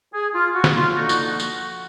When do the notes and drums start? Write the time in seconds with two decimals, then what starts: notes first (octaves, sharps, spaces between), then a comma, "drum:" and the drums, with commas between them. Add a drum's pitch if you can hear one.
0.14 G#4
0.33 F4
0.54 F#4
0.64 drum: snare
0.74 F4
0.95 D3 F3 A#3 D#4 F#4
1.09 drum: tambourine
1.25 F#4
1.40 drum: tambourine